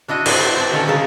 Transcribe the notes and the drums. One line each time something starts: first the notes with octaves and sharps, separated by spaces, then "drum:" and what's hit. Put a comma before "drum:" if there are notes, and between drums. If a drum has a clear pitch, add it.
D4 E4 F#4 D#5
B3 C4 F#4 C5 D5 E5, drum: cymbal
C4 A5
A#2 D3 D#3 C#4 A4 C#5
C#3 D#4 A#4 A5